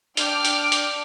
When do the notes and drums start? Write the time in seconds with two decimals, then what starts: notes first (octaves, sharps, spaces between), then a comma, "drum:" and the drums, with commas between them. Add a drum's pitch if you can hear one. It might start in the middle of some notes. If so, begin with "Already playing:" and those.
0.17 D4 G5 D6 F6, drum: hi-hat
0.45 drum: hi-hat
0.72 drum: hi-hat